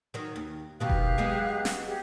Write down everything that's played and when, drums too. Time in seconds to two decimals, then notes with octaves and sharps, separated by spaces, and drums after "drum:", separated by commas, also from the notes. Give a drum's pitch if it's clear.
0.14 D#3 F#3
0.36 D#2
0.80 F#2 B2 D#3 G4 F5 F#6
0.89 drum: kick F1
1.18 F#3 G#3 B3
1.65 drum: snare
1.87 G4 G#4 F#5